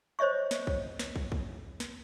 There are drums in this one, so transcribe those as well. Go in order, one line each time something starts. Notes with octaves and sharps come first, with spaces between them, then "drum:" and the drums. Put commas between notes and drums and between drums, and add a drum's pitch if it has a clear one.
C5 C#5 D#5 E5 C#6
drum: snare
drum: kick
drum: snare
drum: kick
drum: kick
drum: snare